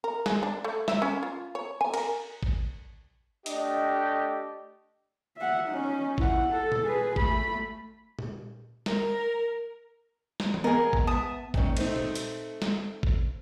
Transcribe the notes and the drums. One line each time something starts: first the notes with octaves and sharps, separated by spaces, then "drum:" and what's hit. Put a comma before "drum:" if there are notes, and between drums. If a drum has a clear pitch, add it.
A#4
G#3, drum: snare
D4
A3
E5, drum: snare
C#4
F4
C#5
G#5
A#4, drum: cymbal
drum: kick G#1
A3 D4 G4 D5 D#5, drum: hi-hat
E5 F#5
C#4 D#4
E4 F#5, drum: kick G#1
A4
drum: tom A#2
G#4 B4
A3 B5, drum: kick G#1
drum: tom A#2
A#4, drum: snare
drum: snare
drum: tom E3
B3 G#4 A#4 D#5
drum: kick G#1
B3 E5 A5 D#6
A#2 D#3 C#4, drum: kick G#1
A3 C4 D#4, drum: cymbal
drum: tom A#2
drum: hi-hat
drum: snare
drum: kick G#1